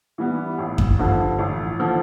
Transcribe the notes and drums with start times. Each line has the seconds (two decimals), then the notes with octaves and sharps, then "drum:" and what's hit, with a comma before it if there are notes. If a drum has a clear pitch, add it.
0.18 E3 G3 B3
0.58 A1
0.78 drum: kick F#2
0.98 G2 D3 F3
1.38 A1
1.79 D3 F3